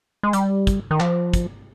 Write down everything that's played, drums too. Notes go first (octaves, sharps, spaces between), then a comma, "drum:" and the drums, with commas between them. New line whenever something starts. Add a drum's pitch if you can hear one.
G#3
G3, drum: hi-hat
drum: kick, hi-hat
D#3
F3, drum: clap
drum: kick, hi-hat